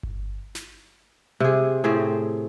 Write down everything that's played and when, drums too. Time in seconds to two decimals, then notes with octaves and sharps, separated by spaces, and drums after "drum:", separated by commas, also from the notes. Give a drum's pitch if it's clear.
0.03 drum: kick G1
0.55 drum: snare
1.40 C3 G#4
1.84 A2 C4 G#4